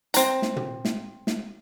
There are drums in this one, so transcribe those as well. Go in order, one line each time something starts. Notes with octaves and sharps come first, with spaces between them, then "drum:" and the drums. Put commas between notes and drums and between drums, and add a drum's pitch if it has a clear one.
C4 A#5, drum: hi-hat
drum: snare
drum: tom
drum: snare
drum: snare